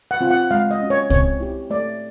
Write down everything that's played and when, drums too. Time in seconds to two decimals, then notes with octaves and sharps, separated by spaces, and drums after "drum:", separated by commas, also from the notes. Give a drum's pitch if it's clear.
0.11 F#5
0.21 C4 F4
0.30 F#5
0.51 G#3 F5
0.71 D#5
0.80 C#4 F#4
0.90 C#5
1.10 C4 C#5, drum: kick C2
1.40 E4 G4
1.70 A3 D5